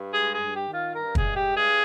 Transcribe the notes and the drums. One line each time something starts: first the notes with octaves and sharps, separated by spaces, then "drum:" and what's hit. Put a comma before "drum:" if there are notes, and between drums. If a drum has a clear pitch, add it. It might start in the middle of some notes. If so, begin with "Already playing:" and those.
Already playing: G2
G#3 G#4
G#4
G2
G4
D#3
F4
G2 A#4
G#4, drum: kick
G#3
G4
G2
G#4